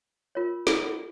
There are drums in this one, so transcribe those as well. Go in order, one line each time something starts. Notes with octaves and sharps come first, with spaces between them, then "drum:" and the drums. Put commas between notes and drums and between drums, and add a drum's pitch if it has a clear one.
F4 A#4 C#5
drum: snare